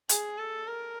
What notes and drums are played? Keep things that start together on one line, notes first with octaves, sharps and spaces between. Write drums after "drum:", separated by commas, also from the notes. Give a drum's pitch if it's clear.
G#4, drum: hi-hat
A4
A#4